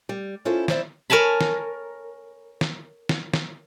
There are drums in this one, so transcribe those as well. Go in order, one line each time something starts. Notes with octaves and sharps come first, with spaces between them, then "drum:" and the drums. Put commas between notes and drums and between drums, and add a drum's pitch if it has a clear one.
G3
C#4 E4 F4 A4 C5
E4 C5 D5 E5, drum: snare
A#4 C#5 G#5 A5 B5
drum: snare
drum: snare
drum: snare
drum: snare